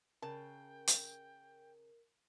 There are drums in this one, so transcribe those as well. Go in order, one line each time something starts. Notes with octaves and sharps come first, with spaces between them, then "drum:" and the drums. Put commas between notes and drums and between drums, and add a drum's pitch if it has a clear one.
C#3 A#4 G5 A5
drum: hi-hat